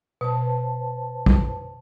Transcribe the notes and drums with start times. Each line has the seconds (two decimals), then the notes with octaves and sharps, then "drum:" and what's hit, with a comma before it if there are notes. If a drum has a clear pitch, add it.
0.21 B2 B4 C5 A5
1.26 drum: kick